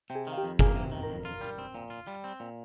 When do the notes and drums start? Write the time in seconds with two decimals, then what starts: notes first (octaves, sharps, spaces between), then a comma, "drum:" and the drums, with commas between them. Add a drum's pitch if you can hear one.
0.10 C3 G5
0.15 G#4 G#5
0.27 D#3
0.33 F5
0.37 G4 G5
0.43 F2
0.59 A#3 G#4 G#5, drum: kick F#1
0.76 C3
0.92 D#3
1.03 A#4 A#5
1.09 F2
1.25 F4
1.41 G3
1.58 C4
1.74 A#2
1.90 F4
2.07 G3
2.24 C4
2.40 A#2